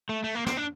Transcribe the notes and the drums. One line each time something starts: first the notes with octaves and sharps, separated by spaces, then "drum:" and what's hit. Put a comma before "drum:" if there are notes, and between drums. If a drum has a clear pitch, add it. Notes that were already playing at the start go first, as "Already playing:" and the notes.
A3
A3
A#3
C4, drum: snare
D4